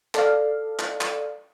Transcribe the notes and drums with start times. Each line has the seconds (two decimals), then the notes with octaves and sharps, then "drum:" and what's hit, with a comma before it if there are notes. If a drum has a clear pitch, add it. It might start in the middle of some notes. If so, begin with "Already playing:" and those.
0.15 A4 D5 F5, drum: clap
0.79 drum: clap
1.01 drum: clap